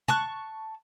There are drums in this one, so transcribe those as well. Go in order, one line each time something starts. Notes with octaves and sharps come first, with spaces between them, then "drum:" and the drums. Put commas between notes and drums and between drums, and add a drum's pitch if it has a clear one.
A5 C#6 F#6, drum: tom